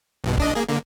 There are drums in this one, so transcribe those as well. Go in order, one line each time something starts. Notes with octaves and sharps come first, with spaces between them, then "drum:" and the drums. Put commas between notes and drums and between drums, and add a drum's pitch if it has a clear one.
B1 G2 B2
A#1 D4 D#5, drum: kick
A#3 G#4
D3 A#3